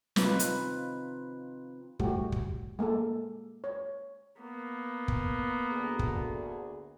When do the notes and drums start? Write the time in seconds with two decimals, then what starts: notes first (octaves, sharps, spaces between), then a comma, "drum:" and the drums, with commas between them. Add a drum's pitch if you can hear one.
0.16 C4 D#4 F4 B4, drum: snare
0.39 drum: hi-hat
1.99 G3 A3 F#4 G4, drum: kick
2.32 drum: kick
2.79 G#3 A#3 G#4 A4
3.64 C#5
4.40 A#3 B3
5.08 drum: kick
5.72 D2 G#4
5.99 drum: kick